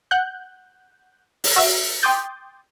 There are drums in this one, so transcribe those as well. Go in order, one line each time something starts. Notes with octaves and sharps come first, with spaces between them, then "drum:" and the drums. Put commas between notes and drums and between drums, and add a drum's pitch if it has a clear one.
F#5 F#6 G6
drum: open hi-hat
F#4 E5
G5 C6 D6 D#6 G6 A6